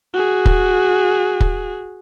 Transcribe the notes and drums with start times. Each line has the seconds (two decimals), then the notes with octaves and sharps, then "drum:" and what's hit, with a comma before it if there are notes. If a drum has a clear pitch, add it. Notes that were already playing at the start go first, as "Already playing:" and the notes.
0.14 F#4 G#4
0.45 drum: kick
1.40 drum: kick